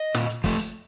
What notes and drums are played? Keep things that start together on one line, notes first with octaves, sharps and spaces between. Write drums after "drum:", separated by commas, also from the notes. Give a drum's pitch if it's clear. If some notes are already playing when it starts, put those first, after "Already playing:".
Already playing: D#5
A#2, drum: snare
drum: hi-hat
F3 A3, drum: kick, open hi-hat
drum: hi-hat